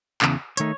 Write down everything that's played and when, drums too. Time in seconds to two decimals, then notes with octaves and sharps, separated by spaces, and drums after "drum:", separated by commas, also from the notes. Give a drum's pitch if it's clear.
0.22 E2 C#3, drum: clap
0.57 D#3 A3 D#4 C#5, drum: hi-hat